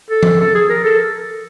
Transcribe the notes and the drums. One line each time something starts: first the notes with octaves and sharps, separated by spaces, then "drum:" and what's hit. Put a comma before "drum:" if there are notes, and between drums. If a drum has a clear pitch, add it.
A4
drum: tom F3
A4
G#4
A#4
A4